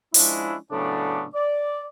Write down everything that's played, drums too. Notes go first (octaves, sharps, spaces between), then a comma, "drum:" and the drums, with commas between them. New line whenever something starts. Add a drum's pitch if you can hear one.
F3 G#3 C#4 D4 E4, drum: open hi-hat
A2 C#3 F#3 A3 B3 D4
D5